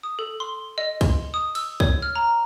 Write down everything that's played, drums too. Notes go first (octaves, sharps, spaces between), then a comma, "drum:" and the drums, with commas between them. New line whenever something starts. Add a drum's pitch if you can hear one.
D#6
A4
C6
D#5
C6, drum: kick C2, cymbal
D#6
E6, drum: cymbal
C#5, drum: kick C2
F6
A#5